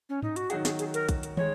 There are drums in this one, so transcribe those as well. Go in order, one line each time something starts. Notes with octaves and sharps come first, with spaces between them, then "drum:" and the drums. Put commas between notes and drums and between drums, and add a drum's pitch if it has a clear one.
C#4
D#4, drum: tom G#2
F#4, drum: hi-hat
D#3 F#3 D#4 F#4 G#4, drum: hi-hat
G#4, drum: snare
G#4, drum: hi-hat
A#4, drum: hi-hat
drum: kick B1, hi-hat
drum: hi-hat
D#3 G#3 C#5, drum: tom